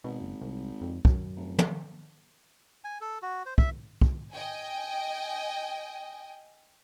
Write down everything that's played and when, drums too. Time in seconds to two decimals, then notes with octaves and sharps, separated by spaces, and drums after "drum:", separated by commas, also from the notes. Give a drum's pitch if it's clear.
0.04 G#1 B2
0.21 F#1
0.41 C2
0.81 F2
1.05 F#2, drum: kick
1.36 F1
1.59 drum: tom
2.84 G#5
3.01 A4
3.22 F#4
3.46 C5
3.58 E5, drum: kick
4.01 drum: kick
4.31 D#5 G5 G#5